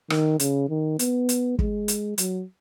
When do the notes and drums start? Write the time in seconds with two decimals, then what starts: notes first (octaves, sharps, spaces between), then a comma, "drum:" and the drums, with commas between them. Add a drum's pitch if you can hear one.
0.10 D#3, drum: rim click
0.40 C#3, drum: hi-hat
0.69 D#3
0.99 B3, drum: hi-hat
1.29 drum: hi-hat
1.59 G#3, drum: kick
1.88 drum: hi-hat
2.18 F#3, drum: hi-hat